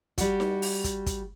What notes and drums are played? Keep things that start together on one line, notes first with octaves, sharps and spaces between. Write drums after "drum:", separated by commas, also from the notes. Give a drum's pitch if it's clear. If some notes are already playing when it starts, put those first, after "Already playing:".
G3 F#4, drum: kick, hi-hat
drum: snare D#4
drum: open hi-hat
drum: kick, hi-hat
drum: kick, hi-hat